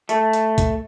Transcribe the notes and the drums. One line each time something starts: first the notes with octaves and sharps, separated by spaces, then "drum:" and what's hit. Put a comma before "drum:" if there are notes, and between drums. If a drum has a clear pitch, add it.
A3, drum: hi-hat
drum: hi-hat
drum: kick, hi-hat